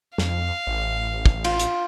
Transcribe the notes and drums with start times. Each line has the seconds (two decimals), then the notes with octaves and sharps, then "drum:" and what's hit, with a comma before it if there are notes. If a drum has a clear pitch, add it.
0.18 F2 F5, drum: snare
0.67 A1
1.26 drum: kick
1.44 F4, drum: cymbal
1.59 drum: hi-hat